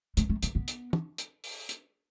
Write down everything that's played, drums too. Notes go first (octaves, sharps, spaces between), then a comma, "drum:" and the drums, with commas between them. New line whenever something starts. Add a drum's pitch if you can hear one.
A3, drum: hi-hat
A3
A#3, drum: hi-hat
B3
drum: hi-hat
drum: tom
drum: hi-hat
drum: open hi-hat
drum: hi-hat